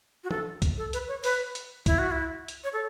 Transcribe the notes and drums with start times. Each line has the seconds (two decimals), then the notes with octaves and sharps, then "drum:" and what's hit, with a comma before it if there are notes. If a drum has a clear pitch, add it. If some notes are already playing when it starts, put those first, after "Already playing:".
0.24 F#4
0.31 A4, drum: tom
0.62 drum: kick C2, hi-hat
0.78 A4
0.93 B4, drum: hi-hat
1.08 C#5
1.24 B4, drum: open hi-hat
1.55 drum: hi-hat
1.86 E4, drum: kick C2, hi-hat
1.98 F#4
2.11 E4
2.48 drum: hi-hat
2.64 C#5
2.73 A4